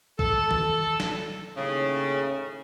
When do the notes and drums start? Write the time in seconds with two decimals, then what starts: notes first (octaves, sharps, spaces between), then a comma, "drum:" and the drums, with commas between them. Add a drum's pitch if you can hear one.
0.19 A4, drum: kick
0.51 drum: tom D#3
1.00 drum: snare
1.57 D#2 A2 C#3